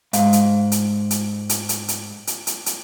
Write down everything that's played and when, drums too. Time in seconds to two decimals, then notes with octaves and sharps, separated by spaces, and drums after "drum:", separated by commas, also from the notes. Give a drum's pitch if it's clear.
0.13 G#2 F5, drum: hi-hat
0.33 drum: hi-hat
0.72 drum: hi-hat
1.11 drum: hi-hat
1.49 drum: hi-hat
1.69 drum: hi-hat
1.88 drum: hi-hat
2.27 drum: hi-hat
2.47 drum: hi-hat
2.66 drum: hi-hat